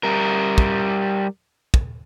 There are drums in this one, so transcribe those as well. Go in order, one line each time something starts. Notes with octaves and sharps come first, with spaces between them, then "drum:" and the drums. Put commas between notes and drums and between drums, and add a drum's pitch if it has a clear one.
G3 A#4
drum: kick
drum: kick